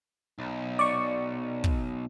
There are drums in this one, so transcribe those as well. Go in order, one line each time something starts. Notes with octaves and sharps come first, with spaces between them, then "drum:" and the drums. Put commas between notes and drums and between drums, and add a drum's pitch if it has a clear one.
B1
D5 C#6
drum: kick